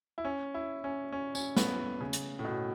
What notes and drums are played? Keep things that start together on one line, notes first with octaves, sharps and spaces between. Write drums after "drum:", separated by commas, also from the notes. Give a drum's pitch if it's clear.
E4
C#4
E4
C#4
C#4
C#4, drum: tambourine
B3, drum: snare
C#3
drum: hi-hat
A2
B2